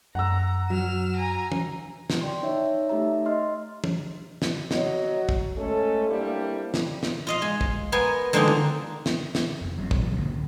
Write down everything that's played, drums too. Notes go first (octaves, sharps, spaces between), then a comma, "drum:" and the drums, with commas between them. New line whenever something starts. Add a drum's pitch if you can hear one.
F#2 F#5 A#5 E6
F#3 F6 E7
G#5 A#5
drum: tom
drum: snare
D5 G5 C6
D#4 C#5 E5
A3 D#4 G4 E5 A#5
D#5 C6 F6
drum: tom
drum: snare
F#3 D#5, drum: snare
drum: kick
G#3 A3 C#4 A4
G3 A#3 C4 D4 E4 G4
drum: snare
drum: snare
F4 D#5 F5
G#3
drum: kick
B3 A#4 C5 G#5
D3 G#3 A#3 C4 D4 D#4
drum: tom
drum: snare
drum: snare
F1
F#3 G#3 C4
D#1 B2 F3 G3, drum: kick
G2 A#2 C#3 F#3
G1 D3 A#3 D4
D1